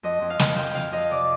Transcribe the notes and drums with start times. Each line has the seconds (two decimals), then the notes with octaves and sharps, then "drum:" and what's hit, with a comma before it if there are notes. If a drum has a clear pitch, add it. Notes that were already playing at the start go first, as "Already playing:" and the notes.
0.03 F2 D#5
0.21 F2
0.30 F5
0.39 F2, drum: snare
0.57 F2 G5
0.74 F2 F5
0.92 F2 D#5
1.11 C3 D5